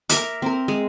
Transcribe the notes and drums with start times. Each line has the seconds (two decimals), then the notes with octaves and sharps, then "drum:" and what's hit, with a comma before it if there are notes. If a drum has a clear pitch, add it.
0.09 A#4 E5 D6, drum: hi-hat
0.42 C4 A#4
0.68 G#3